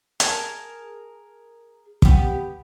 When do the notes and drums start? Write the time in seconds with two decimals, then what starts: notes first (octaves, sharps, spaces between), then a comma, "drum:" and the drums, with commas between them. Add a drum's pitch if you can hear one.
0.20 G#4 A#4 A5, drum: hi-hat
2.02 B3 G4, drum: kick